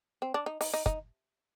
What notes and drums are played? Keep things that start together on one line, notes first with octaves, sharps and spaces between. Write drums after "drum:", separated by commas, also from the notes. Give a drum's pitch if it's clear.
C4
D4
D#4
D#4, drum: open hi-hat
D#4
D#4, drum: kick